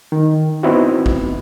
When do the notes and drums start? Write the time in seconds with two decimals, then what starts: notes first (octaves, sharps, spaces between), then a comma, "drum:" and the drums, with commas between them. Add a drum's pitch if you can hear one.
0.12 D#3
0.63 B3 C4 D#4 E4 F#4
1.06 drum: kick A1